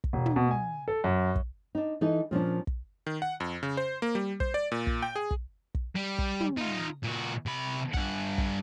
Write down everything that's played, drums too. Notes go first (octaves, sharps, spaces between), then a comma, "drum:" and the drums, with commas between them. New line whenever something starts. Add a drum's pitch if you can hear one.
drum: kick
E1
drum: tom
B2
G#5
A4
F#2
drum: kick
D4 D#4
E3 D#4 A4
A#2 F3 C#4 D4
drum: kick
D#3
F#5
F2
C#3
C5
A#3
G3
C5, drum: kick
D5
A#2
drum: kick
G5
G#4
drum: kick
drum: kick
G3
drum: kick
drum: tom
D#4 F4
A#2 F#4
C3 B5
G2 F#5, drum: kick
drum: kick